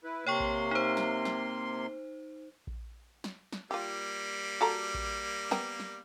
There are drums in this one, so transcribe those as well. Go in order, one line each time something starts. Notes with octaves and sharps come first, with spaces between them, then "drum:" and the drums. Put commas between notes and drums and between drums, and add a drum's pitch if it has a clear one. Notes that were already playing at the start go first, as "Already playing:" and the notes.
E4 B4
C3 A#3 C#5 G5 C6 C#6
drum: kick A#1
D#4 C5
drum: snare
drum: snare
drum: kick A#1
drum: snare
drum: snare
G3 A#3 F4 G4
F#4 A4 A#5
drum: kick A#1
B3 A#4 G5, drum: snare
drum: snare